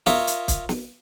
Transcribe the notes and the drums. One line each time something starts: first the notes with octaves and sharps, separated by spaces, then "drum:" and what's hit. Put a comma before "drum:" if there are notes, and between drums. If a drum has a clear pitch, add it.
F4 A#4 C#5 D#5 E5, drum: snare
drum: hi-hat
drum: kick, hi-hat
drum: snare